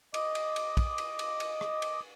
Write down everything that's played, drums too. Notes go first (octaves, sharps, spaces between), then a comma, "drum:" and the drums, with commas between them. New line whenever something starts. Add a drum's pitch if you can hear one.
D#5 D6, drum: cymbal
drum: cymbal
drum: cymbal
drum: kick, cymbal
drum: cymbal
drum: cymbal
drum: cymbal
drum: rim click
drum: cymbal